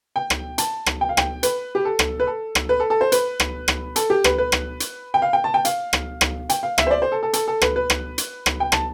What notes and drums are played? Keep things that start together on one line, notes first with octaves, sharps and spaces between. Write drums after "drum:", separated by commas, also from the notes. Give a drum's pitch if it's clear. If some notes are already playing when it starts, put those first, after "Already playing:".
G5
drum: rim click
A5, drum: hi-hat
drum: rim click
G5
F5
G5, drum: rim click
B4, drum: hi-hat
G4
A4
drum: rim click
B4
A4
drum: rim click
B4
A4
A4
C5
B4, drum: hi-hat
drum: rim click
drum: rim click
A4, drum: hi-hat
G4
B4, drum: rim click
B4
drum: rim click
drum: hi-hat
G5
F5
G5
A5
G5
F5, drum: hi-hat
drum: rim click
drum: rim click
G5, drum: hi-hat
F5
E5, drum: rim click
C5
D5
C5
A4
A4
A4, drum: hi-hat
A4
B4, drum: rim click
B4
drum: rim click
drum: hi-hat
drum: rim click
G5
A5, drum: rim click